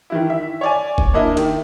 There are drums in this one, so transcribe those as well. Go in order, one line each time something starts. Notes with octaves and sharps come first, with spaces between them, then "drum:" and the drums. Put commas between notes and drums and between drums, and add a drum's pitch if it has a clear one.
D#3 E3 E4
E5
C#5 D5 G#5
drum: kick
A#3 D4 E4 D#5
D#3, drum: cymbal